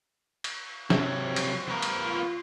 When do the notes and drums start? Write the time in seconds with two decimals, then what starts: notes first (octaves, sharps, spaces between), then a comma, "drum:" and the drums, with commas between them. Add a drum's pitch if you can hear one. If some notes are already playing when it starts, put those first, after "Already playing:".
0.44 drum: cymbal
0.90 C3 F#3, drum: snare
1.26 F3 G3 C5
1.36 drum: cymbal
1.68 B3 A#4
1.82 drum: cymbal
2.02 F4